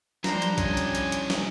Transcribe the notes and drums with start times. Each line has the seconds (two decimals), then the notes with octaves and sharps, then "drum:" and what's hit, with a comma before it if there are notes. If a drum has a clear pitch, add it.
0.24 F3 G3 D4 C5 A#5, drum: snare
0.42 drum: hi-hat
0.58 E3 C#4 D#5 G#5, drum: kick, hi-hat
0.77 drum: hi-hat
0.95 drum: hi-hat
1.12 drum: hi-hat
1.30 drum: snare